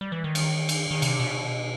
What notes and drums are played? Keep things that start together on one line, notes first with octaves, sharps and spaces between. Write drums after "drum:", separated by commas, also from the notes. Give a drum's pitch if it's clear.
G3
E3
D#3
drum: cymbal
drum: cymbal
D#3
C3, drum: cymbal
B2